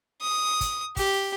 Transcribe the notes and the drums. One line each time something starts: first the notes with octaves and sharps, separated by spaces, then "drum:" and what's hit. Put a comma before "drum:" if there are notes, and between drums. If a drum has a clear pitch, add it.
D#6
drum: kick, hi-hat
G4, drum: kick, open hi-hat